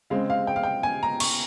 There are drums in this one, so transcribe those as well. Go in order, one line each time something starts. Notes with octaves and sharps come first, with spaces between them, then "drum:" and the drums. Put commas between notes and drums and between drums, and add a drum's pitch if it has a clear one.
C#3 G#3 C4 F5
F5
G5
F5
G5
G#5
A#5
C#6, drum: cymbal